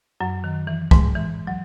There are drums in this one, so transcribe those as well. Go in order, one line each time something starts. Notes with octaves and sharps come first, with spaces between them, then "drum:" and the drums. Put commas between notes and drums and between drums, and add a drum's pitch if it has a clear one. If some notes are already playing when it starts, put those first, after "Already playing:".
F#2 F#3
D#3
E3
G#2 G#3, drum: kick
E3
F#3